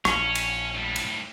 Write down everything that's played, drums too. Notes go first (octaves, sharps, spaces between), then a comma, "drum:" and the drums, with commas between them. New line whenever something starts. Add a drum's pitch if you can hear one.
A#1 C#4, drum: rim click
drum: cymbal
A2 G3
drum: cymbal